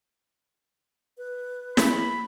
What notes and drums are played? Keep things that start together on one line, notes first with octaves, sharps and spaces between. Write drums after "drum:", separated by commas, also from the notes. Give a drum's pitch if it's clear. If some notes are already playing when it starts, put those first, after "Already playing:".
B4
B5, drum: snare